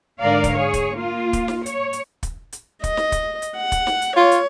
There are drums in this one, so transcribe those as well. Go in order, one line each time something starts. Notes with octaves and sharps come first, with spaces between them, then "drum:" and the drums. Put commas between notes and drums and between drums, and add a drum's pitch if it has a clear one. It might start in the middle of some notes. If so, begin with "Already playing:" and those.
G#2 D3 A#4 D5 F5
drum: kick, hi-hat
G#4 C#5
drum: kick, hi-hat
A#3 F4
drum: kick, hi-hat
drum: snare
C#5, drum: hi-hat
drum: hi-hat
drum: kick, hi-hat
drum: hi-hat
D#5, drum: kick, hi-hat
drum: snare
drum: kick, hi-hat
drum: hi-hat
F#5
drum: kick, hi-hat
drum: snare
drum: hi-hat
F4 C#5
drum: hi-hat